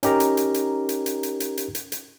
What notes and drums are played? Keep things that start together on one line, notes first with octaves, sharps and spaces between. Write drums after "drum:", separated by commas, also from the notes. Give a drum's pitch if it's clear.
C#4 D#4 G4 A#4 A#5, drum: hi-hat
drum: hi-hat
drum: hi-hat
drum: hi-hat
drum: hi-hat
drum: hi-hat
drum: hi-hat
drum: hi-hat
drum: hi-hat
drum: hi-hat
drum: hi-hat